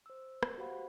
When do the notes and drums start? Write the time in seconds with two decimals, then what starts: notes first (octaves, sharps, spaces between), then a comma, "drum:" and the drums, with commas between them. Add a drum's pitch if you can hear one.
0.06 C5 E6
0.43 drum: rim click
0.58 F#4 G4 C5 F5 F#5 B5